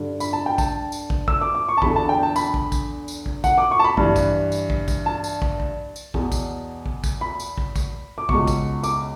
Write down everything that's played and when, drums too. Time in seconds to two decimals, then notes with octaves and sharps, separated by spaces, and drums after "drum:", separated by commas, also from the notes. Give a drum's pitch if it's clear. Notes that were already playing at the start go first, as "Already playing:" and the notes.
Already playing: G2 D3
0.20 B5, drum: tambourine
0.33 A5
0.46 G5
0.58 A5, drum: kick, tambourine
0.92 drum: tambourine
1.10 drum: kick
1.28 E6, drum: kick
1.42 D6
1.55 D6
1.69 C#6
1.77 A5
1.82 E2 D3 B5, drum: kick
1.96 A5
2.09 G5
2.23 A5
2.36 B5, drum: tambourine
2.54 drum: kick
2.72 drum: kick, tambourine
3.08 drum: tambourine
3.26 drum: kick
3.44 F#5, drum: kick, tambourine
3.58 D6
3.71 C#6
3.79 A5
3.84 B5
3.97 G2 E3, drum: kick
4.16 drum: kick, tambourine
4.52 drum: tambourine
4.70 drum: kick
4.88 drum: kick, tambourine
5.06 A5
5.24 drum: tambourine
5.42 drum: kick
5.60 drum: kick
5.96 drum: tambourine
6.14 E2 B2, drum: kick
6.32 drum: kick, tambourine
6.86 drum: kick
7.04 drum: kick, tambourine
7.21 B5
7.40 drum: tambourine
7.58 drum: kick
7.76 drum: kick, tambourine
8.18 D6
8.29 C#2 B2 C#6, drum: kick
8.47 drum: kick, tambourine
8.83 D6, drum: tambourine